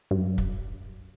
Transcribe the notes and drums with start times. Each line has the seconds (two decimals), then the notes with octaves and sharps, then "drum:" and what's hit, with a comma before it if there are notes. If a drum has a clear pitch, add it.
0.11 G2
0.17 F#2
0.38 drum: kick